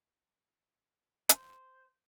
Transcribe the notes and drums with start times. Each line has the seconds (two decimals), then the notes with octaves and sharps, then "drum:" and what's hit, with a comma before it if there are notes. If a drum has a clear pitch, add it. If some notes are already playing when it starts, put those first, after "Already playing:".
1.29 C5, drum: hi-hat